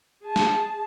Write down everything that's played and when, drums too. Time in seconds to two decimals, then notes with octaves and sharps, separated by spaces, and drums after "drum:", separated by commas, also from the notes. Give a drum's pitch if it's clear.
0.23 G#4 A5
0.36 drum: snare